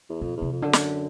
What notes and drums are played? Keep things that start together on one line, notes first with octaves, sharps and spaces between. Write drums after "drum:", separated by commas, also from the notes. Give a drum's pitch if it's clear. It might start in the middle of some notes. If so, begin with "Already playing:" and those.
E2
F2 B2
E2
C3
F2
F#2 D3
drum: snare